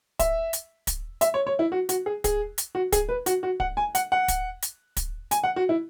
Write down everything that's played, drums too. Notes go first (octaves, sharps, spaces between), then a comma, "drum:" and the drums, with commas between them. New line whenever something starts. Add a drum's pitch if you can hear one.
E5, drum: kick, hi-hat
drum: hi-hat
drum: kick, hi-hat
E5, drum: hi-hat
C#5
C#5
E4
F#4
F#4, drum: hi-hat
G#4
G#4, drum: kick, hi-hat
drum: hi-hat
F#4
G#4, drum: kick, hi-hat
B4
F#4, drum: hi-hat
F#4
F#5, drum: kick
G#5
F#5, drum: hi-hat
F#5
drum: kick, hi-hat
drum: hi-hat
drum: kick, hi-hat
G#5, drum: hi-hat
F#5
F#4
E4